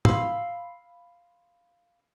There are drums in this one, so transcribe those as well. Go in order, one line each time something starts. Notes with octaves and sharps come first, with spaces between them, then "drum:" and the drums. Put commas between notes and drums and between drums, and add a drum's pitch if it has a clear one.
F5 B5 C6 E6, drum: tom